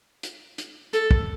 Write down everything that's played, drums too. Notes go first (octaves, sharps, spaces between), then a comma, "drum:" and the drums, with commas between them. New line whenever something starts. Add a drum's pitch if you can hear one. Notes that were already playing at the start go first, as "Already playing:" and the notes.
drum: hi-hat
drum: hi-hat
A4, drum: hi-hat
drum: kick